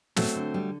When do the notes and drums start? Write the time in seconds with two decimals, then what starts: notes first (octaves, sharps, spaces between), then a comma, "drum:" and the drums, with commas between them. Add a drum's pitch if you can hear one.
0.16 F#3 A3 C4, drum: snare
0.35 D3
0.54 G3